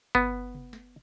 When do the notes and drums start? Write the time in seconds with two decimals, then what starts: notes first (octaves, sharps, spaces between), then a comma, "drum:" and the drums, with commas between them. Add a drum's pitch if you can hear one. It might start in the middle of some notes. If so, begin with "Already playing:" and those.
0.15 B3, drum: kick G1
0.55 drum: tom C3
0.73 drum: snare